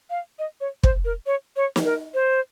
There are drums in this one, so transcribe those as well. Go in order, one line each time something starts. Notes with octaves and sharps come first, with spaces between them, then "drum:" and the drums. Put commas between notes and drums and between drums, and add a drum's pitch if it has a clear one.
F5
D#5
C#5
C5, drum: kick
A#4
C#5
C#5
drum: snare
A#4
C5